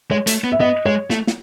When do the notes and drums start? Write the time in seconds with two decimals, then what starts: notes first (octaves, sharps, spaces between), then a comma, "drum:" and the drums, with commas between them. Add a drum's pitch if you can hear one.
0.11 G#3 C#5
0.27 A3, drum: hi-hat
0.44 B3
0.52 E5
0.60 B3 D#5
0.86 G#3 C#5
1.10 A3, drum: snare
1.27 drum: snare